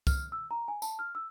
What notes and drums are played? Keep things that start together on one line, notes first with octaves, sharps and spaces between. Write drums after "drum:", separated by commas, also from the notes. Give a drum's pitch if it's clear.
F6, drum: kick C2, tambourine
E6
A#5
G#5
A5, drum: tambourine
F6
E6